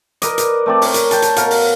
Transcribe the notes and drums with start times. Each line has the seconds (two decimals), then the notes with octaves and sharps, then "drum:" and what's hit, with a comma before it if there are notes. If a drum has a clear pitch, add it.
0.22 A#4 B4 D5 D#5, drum: hi-hat
0.38 drum: hi-hat
0.66 A3 C4 D5
0.82 A#4 C#5, drum: open hi-hat
0.94 drum: hi-hat
1.11 G5 A5, drum: hi-hat
1.22 drum: hi-hat
1.36 B2 A#4 F5 F#5, drum: hi-hat
1.51 drum: open hi-hat